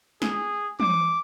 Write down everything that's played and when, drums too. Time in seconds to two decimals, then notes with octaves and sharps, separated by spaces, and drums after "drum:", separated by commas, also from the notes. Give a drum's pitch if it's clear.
0.22 G#4, drum: snare
0.80 D6, drum: tom